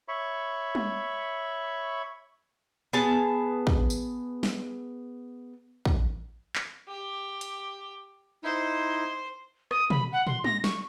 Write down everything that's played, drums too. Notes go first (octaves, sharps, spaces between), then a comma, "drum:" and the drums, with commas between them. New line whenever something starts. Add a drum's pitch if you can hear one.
C#5 E5 B5 C#6
drum: tom G3
B3 G#4 A5
drum: kick
drum: tambourine
drum: snare
drum: kick
drum: clap
G4
drum: hi-hat
D#4 E4 C5
D#6, drum: rim click
B5, drum: tom B2
F#5
C6, drum: tom
A#6, drum: tom G3
C#6, drum: snare